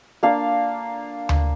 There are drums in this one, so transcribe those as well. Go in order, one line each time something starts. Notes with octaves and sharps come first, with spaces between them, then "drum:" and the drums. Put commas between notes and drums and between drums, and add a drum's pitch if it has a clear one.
A#3 D4 F5
drum: tom D2